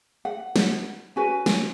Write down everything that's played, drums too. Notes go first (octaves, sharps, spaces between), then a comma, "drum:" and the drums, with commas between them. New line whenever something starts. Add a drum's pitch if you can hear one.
F#5
drum: snare
C#4 F#4 B4 G#5
drum: snare